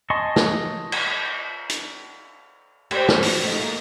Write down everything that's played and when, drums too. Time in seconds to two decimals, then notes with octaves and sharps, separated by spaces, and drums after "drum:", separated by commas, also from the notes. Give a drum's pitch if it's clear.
0.10 D#5 G#5 A5 C6 C#6
0.36 drum: snare
0.92 drum: cymbal
1.70 drum: hi-hat
2.91 G4 C5 D5, drum: cymbal
3.08 C#4 F4, drum: snare
3.23 F#4, drum: open hi-hat
3.43 A3 D#4
3.60 A#3 D#5 F5